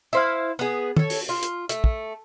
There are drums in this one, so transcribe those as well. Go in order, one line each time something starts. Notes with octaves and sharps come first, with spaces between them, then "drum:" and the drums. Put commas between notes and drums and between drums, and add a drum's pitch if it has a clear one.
E4 C5 F5
B3 G#4
A4 C#5, drum: tom
drum: open hi-hat
F4
drum: hi-hat
A3, drum: hi-hat
drum: kick